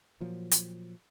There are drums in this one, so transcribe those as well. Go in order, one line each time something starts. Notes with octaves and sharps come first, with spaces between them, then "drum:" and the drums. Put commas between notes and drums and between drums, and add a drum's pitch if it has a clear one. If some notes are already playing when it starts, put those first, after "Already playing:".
A#2 F3 F#3
drum: hi-hat